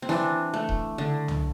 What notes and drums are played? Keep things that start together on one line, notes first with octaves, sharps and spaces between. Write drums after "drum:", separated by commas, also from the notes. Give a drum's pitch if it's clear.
C4
E3 D4, drum: snare
A3
drum: kick D#1
D3
drum: tom